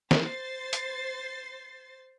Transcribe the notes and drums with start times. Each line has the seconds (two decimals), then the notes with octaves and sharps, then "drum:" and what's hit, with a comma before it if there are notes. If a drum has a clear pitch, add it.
0.11 C5 A6 C7, drum: snare
0.73 drum: hi-hat